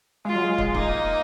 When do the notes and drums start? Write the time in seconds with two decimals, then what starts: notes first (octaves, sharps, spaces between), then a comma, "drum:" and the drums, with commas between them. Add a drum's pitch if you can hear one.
0.25 G#3 F4
0.35 F#3
0.44 G#3
0.58 drum: kick
0.75 A#3 D#4, drum: kick